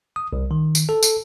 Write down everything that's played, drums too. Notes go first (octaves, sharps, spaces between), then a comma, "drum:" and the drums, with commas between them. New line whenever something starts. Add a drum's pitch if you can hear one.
D#6
C2
D#3
drum: tambourine
A4
drum: tambourine